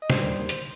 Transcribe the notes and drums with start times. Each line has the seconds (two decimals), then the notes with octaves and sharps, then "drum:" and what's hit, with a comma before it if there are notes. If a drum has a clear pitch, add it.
0.02 D#5
0.10 G3 C5, drum: snare
0.24 D#2
0.39 D#2
0.49 drum: hi-hat